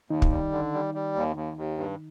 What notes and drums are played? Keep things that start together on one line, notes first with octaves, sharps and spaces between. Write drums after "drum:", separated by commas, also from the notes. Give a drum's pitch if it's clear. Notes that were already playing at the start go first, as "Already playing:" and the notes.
D#2 D#3 D#4
drum: kick
G3
D3
G3
G3
D#2
D#2
D#2
G2